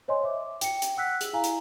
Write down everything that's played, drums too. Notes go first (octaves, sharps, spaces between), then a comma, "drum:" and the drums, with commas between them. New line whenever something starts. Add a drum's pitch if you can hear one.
C5 C#5 D#5 G#5 C6
E5 D6
G5 C#7, drum: hi-hat
drum: hi-hat
F#5 E6 F#6 B6
G#4 F#7, drum: hi-hat
E4 F5 G#5 A#5
drum: hi-hat